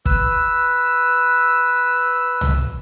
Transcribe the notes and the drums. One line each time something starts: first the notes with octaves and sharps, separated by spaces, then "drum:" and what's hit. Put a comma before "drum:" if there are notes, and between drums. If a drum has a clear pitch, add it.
B4 E6, drum: kick
drum: tom C2